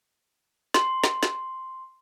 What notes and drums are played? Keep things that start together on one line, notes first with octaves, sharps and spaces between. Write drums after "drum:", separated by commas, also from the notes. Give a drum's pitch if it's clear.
C6, drum: snare
drum: snare
drum: snare